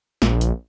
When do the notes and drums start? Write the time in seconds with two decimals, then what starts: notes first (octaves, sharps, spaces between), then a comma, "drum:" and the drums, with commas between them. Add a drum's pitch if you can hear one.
0.22 A#1, drum: snare
0.41 drum: hi-hat